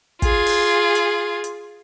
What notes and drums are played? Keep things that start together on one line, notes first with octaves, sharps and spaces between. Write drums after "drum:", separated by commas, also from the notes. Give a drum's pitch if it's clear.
F4 G#4, drum: kick, hi-hat
drum: open hi-hat
drum: hi-hat
drum: hi-hat